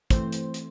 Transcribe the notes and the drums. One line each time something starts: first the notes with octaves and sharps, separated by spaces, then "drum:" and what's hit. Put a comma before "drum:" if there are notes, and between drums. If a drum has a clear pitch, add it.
E3 A3 C4 C5, drum: kick, hi-hat
drum: hi-hat
drum: hi-hat